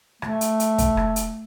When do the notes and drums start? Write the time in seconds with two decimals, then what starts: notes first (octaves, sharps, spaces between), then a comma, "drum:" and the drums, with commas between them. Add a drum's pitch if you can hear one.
0.22 A3, drum: rim click
0.41 drum: hi-hat
0.60 drum: hi-hat
0.78 drum: kick, hi-hat
0.97 drum: rim click
1.16 drum: hi-hat